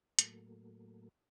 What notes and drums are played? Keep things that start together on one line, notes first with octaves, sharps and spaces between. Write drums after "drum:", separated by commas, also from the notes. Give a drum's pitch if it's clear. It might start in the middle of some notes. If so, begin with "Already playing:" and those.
A2 F#3 A3 A#3, drum: hi-hat